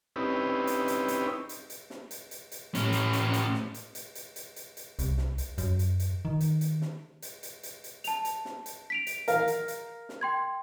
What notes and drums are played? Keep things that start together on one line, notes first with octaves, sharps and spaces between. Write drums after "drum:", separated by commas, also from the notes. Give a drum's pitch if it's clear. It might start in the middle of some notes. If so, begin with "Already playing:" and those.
C4 C#4 D#4 E4 G4 B4
drum: hi-hat
drum: hi-hat
drum: hi-hat
drum: hi-hat
drum: hi-hat
drum: snare
drum: hi-hat
drum: hi-hat
drum: hi-hat
A2 C#4, drum: hi-hat
drum: hi-hat
drum: hi-hat
drum: hi-hat
drum: snare
drum: hi-hat
drum: hi-hat
drum: hi-hat
drum: hi-hat
drum: hi-hat
drum: hi-hat
C2, drum: hi-hat
drum: snare
drum: hi-hat
F#2, drum: hi-hat
drum: hi-hat
drum: hi-hat
D#3
drum: hi-hat
drum: hi-hat
drum: snare
drum: hi-hat
drum: hi-hat
drum: hi-hat
drum: hi-hat
A5 F7, drum: hi-hat
drum: hi-hat
drum: snare
drum: hi-hat
B6 D7 F7
drum: hi-hat
A#4 F5, drum: hi-hat
drum: hi-hat
drum: hi-hat
drum: snare
G5 C6 G#6